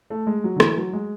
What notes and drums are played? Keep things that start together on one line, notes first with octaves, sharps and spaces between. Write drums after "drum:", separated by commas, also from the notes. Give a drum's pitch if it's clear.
A3
G#3
F#3
D3
E3, drum: rim click
F#3
G#3